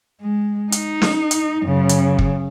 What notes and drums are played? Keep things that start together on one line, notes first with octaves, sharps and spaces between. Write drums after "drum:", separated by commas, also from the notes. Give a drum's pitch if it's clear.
G#3
D#4, drum: hi-hat
drum: snare
drum: hi-hat
F#2 C#3
drum: hi-hat
drum: kick